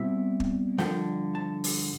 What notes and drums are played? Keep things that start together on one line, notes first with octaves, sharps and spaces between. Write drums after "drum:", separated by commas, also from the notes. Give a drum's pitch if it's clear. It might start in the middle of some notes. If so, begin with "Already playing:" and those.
Already playing: B2 G3 C4 E4 E5
drum: kick
G2 D3 F3 G5, drum: snare
A5
drum: open hi-hat